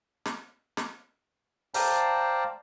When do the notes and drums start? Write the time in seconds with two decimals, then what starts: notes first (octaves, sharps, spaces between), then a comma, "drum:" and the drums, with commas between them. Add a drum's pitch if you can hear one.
0.25 drum: snare
0.77 drum: snare
1.74 C5 D5 F5 G5 A5 A#5, drum: open hi-hat